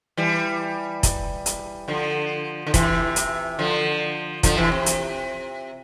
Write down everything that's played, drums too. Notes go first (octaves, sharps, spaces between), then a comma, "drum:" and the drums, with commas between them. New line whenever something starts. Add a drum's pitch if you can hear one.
E3 G3
drum: kick, hi-hat
drum: hi-hat
D3 F3
D3
C3 E3, drum: kick, hi-hat
drum: hi-hat
D3 F3
D3 F3, drum: kick, hi-hat
C3 E3
C3
drum: hi-hat